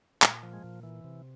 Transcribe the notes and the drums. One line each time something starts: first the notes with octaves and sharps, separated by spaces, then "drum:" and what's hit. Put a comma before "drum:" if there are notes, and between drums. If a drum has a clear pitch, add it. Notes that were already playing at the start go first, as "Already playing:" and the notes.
A#2 G#3, drum: clap
F3
G#3
A#2
E3
C3